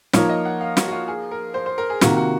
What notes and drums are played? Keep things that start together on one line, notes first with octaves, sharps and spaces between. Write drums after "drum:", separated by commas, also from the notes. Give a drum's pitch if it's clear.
F3 A#3 D#4 C#5, drum: snare
D#5
F#5
F5
F#4, drum: snare
F#4
F4
G#4
A#4
C5
C5
A#4
G#4
C3 D#3 A#3 F4 F#4, drum: snare
F#4